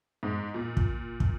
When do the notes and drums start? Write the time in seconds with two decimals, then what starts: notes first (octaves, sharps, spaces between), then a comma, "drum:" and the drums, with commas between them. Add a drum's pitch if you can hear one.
0.23 G#2
0.54 A#2
0.77 drum: kick
1.20 drum: kick